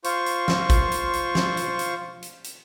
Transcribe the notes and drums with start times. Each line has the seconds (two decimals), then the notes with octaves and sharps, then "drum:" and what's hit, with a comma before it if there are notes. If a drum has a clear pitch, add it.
0.04 F4 C5 C#6, drum: hi-hat
0.26 drum: hi-hat
0.48 drum: snare
0.70 drum: kick G#1, hi-hat
0.92 drum: hi-hat
1.13 drum: hi-hat
1.35 drum: snare
1.57 drum: hi-hat
1.79 drum: hi-hat
2.22 drum: hi-hat
2.44 drum: hi-hat